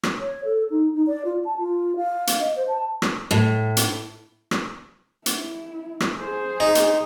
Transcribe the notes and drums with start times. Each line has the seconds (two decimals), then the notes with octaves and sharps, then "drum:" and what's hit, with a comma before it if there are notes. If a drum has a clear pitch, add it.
0.03 drum: rim click
0.20 C#5
0.45 A4
0.70 D#4
0.94 D#4
1.07 D5
1.25 F4
1.45 A5
1.58 F4
1.97 F5
2.27 drum: hi-hat
2.40 D#5
2.56 C5
2.68 A5
3.02 drum: rim click
3.31 A2
3.77 drum: hi-hat
4.51 drum: rim click
5.26 E4, drum: hi-hat
6.00 drum: rim click
6.19 G#4 C5
6.60 D#4
6.75 drum: hi-hat